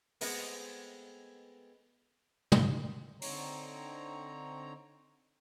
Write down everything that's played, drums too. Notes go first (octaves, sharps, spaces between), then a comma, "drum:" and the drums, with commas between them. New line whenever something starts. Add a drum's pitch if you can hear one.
G#3 A3 B3 C4, drum: open hi-hat
drum: tom
D3 C4 D#4 C#5 A#5, drum: open hi-hat